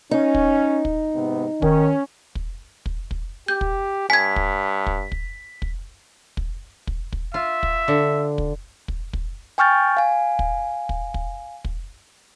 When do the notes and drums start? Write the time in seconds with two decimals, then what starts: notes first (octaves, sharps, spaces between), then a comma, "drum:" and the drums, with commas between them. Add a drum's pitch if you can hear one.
0.11 C#4 D#4
0.34 drum: kick
0.85 drum: kick
1.14 G#2 C3 B3
1.62 D#3 C#4, drum: kick
2.35 drum: kick
2.86 drum: kick
3.11 drum: kick
3.48 G4 G6
3.61 drum: kick
4.10 G2 G#5 G#6 B6
4.36 drum: kick
4.86 drum: kick
5.12 drum: kick
5.62 drum: kick
6.37 drum: kick
6.87 drum: kick
7.13 drum: kick
7.34 F4 E5
7.63 drum: kick
7.88 D3
8.38 drum: kick
8.88 drum: kick
9.13 drum: kick
9.58 G5 G#5 C#6 F6 G6 A6
9.97 F5 G#5
10.39 drum: kick
10.89 drum: kick
11.14 drum: kick
11.65 drum: kick